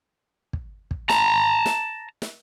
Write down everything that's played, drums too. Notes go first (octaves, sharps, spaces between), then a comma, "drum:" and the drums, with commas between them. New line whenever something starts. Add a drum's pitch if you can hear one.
drum: kick
drum: kick
A5 A#5, drum: snare
drum: snare
drum: snare